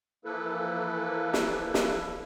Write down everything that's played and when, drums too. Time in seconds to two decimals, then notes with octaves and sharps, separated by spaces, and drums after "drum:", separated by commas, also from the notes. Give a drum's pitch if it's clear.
0.25 E3 F3 A#3 E4 A4 B4
1.33 drum: snare
1.74 drum: snare